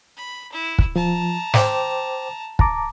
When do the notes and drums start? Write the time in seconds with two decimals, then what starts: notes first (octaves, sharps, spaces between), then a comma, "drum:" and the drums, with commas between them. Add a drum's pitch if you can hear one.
0.17 B5
0.52 E4
0.79 drum: kick
0.96 F3 A5 A#5
1.54 C5 G5 D6, drum: snare
2.59 A5 A#5 D6, drum: kick